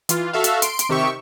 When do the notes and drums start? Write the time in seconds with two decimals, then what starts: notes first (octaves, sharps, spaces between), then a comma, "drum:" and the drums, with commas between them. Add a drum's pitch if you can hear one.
0.09 E3 F4, drum: hi-hat
0.33 F#4 A4 E5 F5
0.44 drum: hi-hat
0.62 C6 D7, drum: hi-hat
0.79 drum: hi-hat
0.89 C3 D#3 G4 E5 C#6